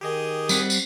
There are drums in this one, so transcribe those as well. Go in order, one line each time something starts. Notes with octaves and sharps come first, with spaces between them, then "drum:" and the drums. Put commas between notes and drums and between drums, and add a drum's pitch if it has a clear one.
D#3 G4 G#4 D#5
G3 C4 F#5, drum: tambourine
drum: tambourine